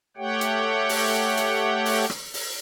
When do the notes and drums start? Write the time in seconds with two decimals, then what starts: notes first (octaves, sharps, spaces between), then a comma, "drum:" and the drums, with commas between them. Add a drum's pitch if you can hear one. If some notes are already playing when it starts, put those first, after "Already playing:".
0.17 A3 G4 C#5 F#5 G5
0.41 drum: hi-hat
0.89 drum: open hi-hat
1.37 drum: hi-hat
1.86 drum: open hi-hat
2.10 drum: rim click
2.34 drum: open hi-hat